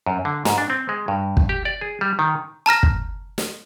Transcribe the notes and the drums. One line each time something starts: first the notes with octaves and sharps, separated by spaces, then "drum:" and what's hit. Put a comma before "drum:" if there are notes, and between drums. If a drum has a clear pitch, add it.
F#2
D3
G#2, drum: snare
D4
C4
G#3
G2
drum: kick
G4
D5
G#4
G3
D#3
A5 A#5 F6 A#6
drum: kick
drum: snare